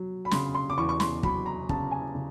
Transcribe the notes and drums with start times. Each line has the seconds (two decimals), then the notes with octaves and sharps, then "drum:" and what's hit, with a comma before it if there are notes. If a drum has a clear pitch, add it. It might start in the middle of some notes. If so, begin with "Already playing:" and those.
Already playing: F#3
0.25 B5
0.31 C#3 C6, drum: snare
0.55 C6
0.70 D6
0.78 E2 C#6
0.89 C#6
1.00 C6, drum: snare
1.23 F#3 B5, drum: kick
1.46 A#5
1.69 C#3 A5, drum: kick
1.91 G#5
2.15 C#3